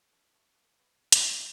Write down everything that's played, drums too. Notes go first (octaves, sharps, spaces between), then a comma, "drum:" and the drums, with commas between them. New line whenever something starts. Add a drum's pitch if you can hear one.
D4
A3
A#3
B3
B3, drum: hi-hat